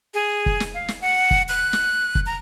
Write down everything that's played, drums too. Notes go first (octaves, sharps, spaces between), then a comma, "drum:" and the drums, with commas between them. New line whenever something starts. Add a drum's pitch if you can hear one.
G#4
drum: kick
drum: snare
F5
drum: snare
F#5
drum: kick
F#6
drum: snare
drum: kick
A#5